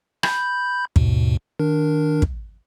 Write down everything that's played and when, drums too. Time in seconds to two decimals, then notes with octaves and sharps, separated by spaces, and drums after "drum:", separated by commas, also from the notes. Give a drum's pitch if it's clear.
0.23 B5 G6, drum: rim click
0.96 D#2 G#2 B2, drum: kick
1.59 D#3 D4 A#4
2.22 drum: kick